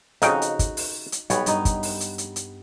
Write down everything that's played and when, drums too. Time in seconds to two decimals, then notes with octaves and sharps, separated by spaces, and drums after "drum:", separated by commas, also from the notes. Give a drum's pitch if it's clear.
0.22 F2 C#3 D#4 F#4 G5, drum: hi-hat
0.42 drum: hi-hat
0.59 drum: kick, hi-hat
0.77 drum: open hi-hat
1.12 drum: hi-hat
1.30 B1 G3 B3 C#5, drum: hi-hat
1.46 G2 D#4, drum: hi-hat
1.65 drum: kick, hi-hat
1.83 drum: open hi-hat
2.00 drum: hi-hat
2.18 drum: hi-hat
2.36 drum: hi-hat